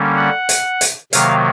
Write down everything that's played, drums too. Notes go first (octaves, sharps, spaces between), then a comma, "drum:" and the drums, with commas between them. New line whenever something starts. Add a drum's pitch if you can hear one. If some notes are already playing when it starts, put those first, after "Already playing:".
Already playing: D3 G3 A#3 C#4
F#5
drum: hi-hat
drum: hi-hat
C3 D#3 F#3 A#3 F5, drum: hi-hat